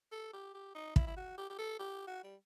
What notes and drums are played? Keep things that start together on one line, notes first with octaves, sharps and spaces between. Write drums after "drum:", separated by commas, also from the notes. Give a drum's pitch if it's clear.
A4
G4
G4
D#4
E4, drum: kick
E4
F#4
G4
G4
A4
G4
F#4
G3